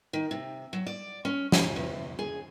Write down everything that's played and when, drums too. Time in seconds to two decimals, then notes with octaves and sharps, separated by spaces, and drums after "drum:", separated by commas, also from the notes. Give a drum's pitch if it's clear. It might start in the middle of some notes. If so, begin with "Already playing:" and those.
0.13 D#3
0.31 C3
0.73 F#3
0.86 D5
1.25 C#4
1.52 G#5, drum: snare
1.76 E2
2.19 G#4